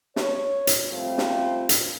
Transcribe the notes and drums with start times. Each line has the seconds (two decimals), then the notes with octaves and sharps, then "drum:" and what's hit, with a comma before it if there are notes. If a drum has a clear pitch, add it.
0.16 C#5, drum: snare
0.67 drum: hi-hat
0.91 F3 G3 A3 C4 F4
1.18 drum: snare
1.69 drum: hi-hat